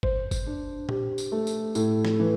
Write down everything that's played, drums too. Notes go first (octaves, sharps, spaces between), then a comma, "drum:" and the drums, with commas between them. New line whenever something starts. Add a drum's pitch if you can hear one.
C5, drum: kick G1
drum: kick G1, tambourine
D4
G4, drum: tom A#2
drum: tambourine
A3
drum: tambourine
A2, drum: tambourine
drum: snare
E3